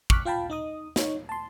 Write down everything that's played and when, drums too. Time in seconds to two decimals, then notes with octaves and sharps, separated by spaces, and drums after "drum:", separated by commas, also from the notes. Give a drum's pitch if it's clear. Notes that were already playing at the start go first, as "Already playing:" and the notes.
0.10 C#6 D6 F6 F#6 B6, drum: kick
0.25 F4 F5 G5 A5 B5
0.50 D#4 D#5 D#6
0.96 D#4 C#5, drum: snare
1.29 A5 C6